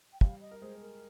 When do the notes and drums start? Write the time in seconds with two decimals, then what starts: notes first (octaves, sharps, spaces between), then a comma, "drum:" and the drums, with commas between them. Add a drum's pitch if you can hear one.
0.13 G5
0.21 G3 G4 F5, drum: kick
0.41 D#5
0.51 A#4
0.61 G#3 G#4 C5
0.81 A#4